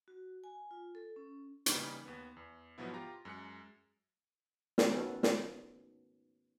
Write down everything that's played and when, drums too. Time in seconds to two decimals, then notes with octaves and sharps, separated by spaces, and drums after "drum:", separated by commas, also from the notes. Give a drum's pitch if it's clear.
0.08 F#4
0.44 G#5
0.71 F4
0.95 A4
1.16 C#4
1.66 C#3 E3 G3 A#3 D#4, drum: hi-hat
2.05 D#2 B3
2.37 E2
2.78 G#2 B2 F3 F#3 B3 E4
2.93 F4 G4 A#5 A#6
3.25 F#2 G#3 F#6 C#7
4.78 drum: snare
4.89 D#3 A3 B3 C#4 F#4 A4
5.23 drum: snare